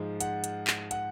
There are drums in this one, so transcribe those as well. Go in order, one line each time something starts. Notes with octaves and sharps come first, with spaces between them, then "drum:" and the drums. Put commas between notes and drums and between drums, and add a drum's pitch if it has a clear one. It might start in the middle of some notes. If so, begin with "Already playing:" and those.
Already playing: G#2 F3 G#3
F#5, drum: hi-hat
drum: hi-hat
drum: clap
F#5, drum: hi-hat